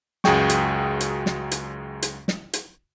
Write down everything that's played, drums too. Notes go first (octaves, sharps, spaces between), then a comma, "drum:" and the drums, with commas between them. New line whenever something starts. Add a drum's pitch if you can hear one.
C#2 F#2 F#4 G#4 G5 C#6, drum: snare
drum: hi-hat
drum: hi-hat
drum: snare
drum: hi-hat
drum: hi-hat
drum: snare
drum: hi-hat